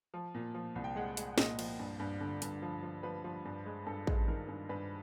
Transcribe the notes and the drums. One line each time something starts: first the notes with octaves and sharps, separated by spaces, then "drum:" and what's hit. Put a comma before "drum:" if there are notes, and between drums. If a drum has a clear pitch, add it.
F3
A#2
F3
C2
G5
G#3 F#5
G#3, drum: hi-hat
A#2 D#5, drum: snare
F3, drum: cymbal
G2
G2
D3
G2, drum: hi-hat
F3
F3
F3 B4
F3
G2
G#3
G2 A4
G#3, drum: kick A1
D#3 A#4
G2
G2 B4